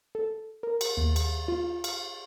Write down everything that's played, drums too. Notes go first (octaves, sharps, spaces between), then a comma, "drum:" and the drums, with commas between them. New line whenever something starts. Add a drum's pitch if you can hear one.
A4
A#4
drum: cymbal
D#2
drum: cymbal
F4
F5, drum: cymbal